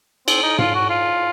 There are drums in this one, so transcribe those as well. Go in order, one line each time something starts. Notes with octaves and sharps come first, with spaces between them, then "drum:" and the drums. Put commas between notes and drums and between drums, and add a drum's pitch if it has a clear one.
C4, drum: cymbal
D#4
F4, drum: tom G#2
F#4
F4